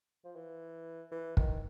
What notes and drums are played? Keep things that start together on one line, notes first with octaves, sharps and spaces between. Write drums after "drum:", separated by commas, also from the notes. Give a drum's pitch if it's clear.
F3
E3
E3
D#3, drum: kick